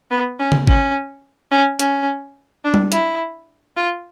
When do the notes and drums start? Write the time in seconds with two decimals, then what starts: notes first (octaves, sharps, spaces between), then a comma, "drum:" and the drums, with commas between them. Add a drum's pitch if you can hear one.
0.11 B3
0.39 C#4
0.52 drum: tom C#3
0.67 C#4, drum: kick G#1
1.51 C#4
1.79 C#4, drum: hi-hat
2.64 D4
2.74 drum: tom G3
2.92 E4, drum: hi-hat
3.77 F4